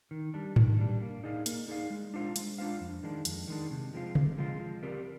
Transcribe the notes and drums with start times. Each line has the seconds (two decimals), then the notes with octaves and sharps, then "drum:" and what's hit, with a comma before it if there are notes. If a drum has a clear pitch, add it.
0.11 D#3
0.34 G3 D4
0.56 D#3, drum: tom G#2
0.79 G3 D4
1.01 A#3
1.23 D#4 G#4 D5 F5
1.46 A#3, drum: hi-hat
1.68 D#4 G#4 D5 F5
1.90 G#3
2.14 D4 F4 C5 F5
2.36 G#3, drum: hi-hat
2.58 D4 F4 C5 F5
2.81 F2
3.03 D#3 G#3 D4
3.25 F2, drum: hi-hat
3.48 D#3 G#3 D4
3.71 C3
3.93 F3 G#3 C4 F4
4.15 C3, drum: tom C#3
4.38 F3 G#3 C4 F4
4.60 F3
4.83 C4 G4 A#4 D5